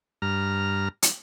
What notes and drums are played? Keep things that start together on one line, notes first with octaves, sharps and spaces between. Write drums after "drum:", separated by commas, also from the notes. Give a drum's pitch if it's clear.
G2 A#5 F6
drum: hi-hat